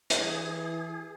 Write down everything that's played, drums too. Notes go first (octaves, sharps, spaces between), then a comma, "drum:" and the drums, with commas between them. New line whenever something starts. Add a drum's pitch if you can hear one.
drum: hi-hat
E3 G#4